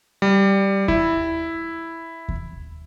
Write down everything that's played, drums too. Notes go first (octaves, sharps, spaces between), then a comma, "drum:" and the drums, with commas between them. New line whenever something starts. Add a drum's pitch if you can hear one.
G3
E4, drum: kick D#2
drum: kick D#2